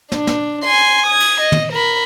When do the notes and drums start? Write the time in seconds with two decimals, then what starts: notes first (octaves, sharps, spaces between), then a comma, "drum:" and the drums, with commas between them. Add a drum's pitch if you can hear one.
0.12 D4, drum: snare
0.27 drum: snare
0.64 G#5 C6
1.07 D#6 G#6
1.20 drum: cymbal
1.41 D#5
1.52 drum: tom
1.72 A#4 B5